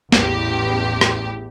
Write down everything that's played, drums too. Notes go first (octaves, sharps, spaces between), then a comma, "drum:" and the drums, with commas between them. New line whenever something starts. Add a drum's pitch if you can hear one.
A1 E2 G4, drum: snare
drum: rim click